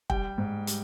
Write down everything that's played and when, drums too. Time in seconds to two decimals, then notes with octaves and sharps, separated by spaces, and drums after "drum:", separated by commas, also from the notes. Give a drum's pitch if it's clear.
0.10 G3 G5, drum: kick
0.38 G#2
0.67 G3, drum: hi-hat